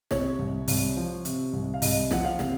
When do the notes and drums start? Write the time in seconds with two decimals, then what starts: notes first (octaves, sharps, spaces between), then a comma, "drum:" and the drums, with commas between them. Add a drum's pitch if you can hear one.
0.11 C3 C#5, drum: snare
0.39 C2
0.68 C2, drum: open hi-hat
0.97 F3
1.25 C3, drum: hi-hat
1.53 C2
1.74 F5
1.82 C2 D#5, drum: open hi-hat
2.11 F3 F#5, drum: snare
2.25 F5
2.39 C3, drum: snare